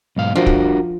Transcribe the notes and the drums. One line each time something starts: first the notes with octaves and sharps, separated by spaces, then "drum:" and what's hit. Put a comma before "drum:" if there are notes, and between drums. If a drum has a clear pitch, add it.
B1 G#2 F5
F3 D4 F#4 A#4
drum: kick